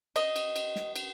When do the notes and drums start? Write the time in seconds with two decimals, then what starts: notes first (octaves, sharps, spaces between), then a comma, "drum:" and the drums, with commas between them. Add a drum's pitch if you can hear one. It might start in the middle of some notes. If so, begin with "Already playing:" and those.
0.16 D#5, drum: cymbal
0.36 drum: cymbal
0.56 drum: cymbal
0.76 drum: snare
0.96 drum: cymbal